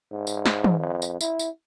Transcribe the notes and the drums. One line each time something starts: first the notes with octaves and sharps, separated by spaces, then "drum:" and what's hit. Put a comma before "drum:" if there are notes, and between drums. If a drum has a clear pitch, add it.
G#2
drum: tambourine
drum: snare
drum: tom
F2
drum: tambourine
E4, drum: tambourine
drum: tambourine